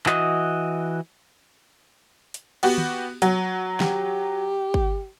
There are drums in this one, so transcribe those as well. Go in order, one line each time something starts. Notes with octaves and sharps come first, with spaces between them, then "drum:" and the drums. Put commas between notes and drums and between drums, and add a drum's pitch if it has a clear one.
E3 F#4 D#5, drum: clap
drum: hi-hat
B3 F#4 G4, drum: cymbal
drum: tom
F#3, drum: hi-hat
G4, drum: snare
drum: kick